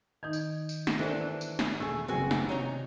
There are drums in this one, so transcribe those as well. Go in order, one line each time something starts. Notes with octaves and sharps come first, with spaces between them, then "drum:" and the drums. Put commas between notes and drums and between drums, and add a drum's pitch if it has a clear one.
D#3 D#4 G6 G#6
drum: tambourine
drum: tambourine
drum: snare
E3 D4 A4 A#4 C5
drum: tambourine
drum: snare
E1 A3 G#4 E6
F#1 C4 F#4 G#4 B4
drum: snare
C3 D#4 C#5 A#5